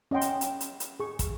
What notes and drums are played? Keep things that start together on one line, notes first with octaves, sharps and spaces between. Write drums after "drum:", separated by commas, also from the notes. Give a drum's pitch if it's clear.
C#4 D#5 F#5 G5 C6
drum: hi-hat
drum: hi-hat
drum: hi-hat
drum: hi-hat
G#4 C#6
drum: kick, hi-hat